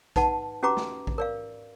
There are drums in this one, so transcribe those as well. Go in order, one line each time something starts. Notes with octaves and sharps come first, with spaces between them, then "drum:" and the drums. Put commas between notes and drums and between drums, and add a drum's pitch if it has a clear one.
D#4 B4 F#5 A5, drum: kick A#1, hi-hat
C#4 F#4 G4 B4 A#5 D6
drum: snare
drum: kick A#1
A#4 D5 F5